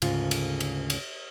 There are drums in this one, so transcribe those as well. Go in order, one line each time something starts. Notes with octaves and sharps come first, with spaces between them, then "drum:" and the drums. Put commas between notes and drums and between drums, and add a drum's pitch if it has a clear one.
D2 G#2 C#3 F4, drum: cymbal
drum: cymbal
drum: cymbal
drum: cymbal